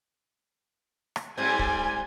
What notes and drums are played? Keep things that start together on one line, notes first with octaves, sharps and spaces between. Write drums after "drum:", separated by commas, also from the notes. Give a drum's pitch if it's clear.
drum: rim click
G#2 G3 C4 G#5
drum: kick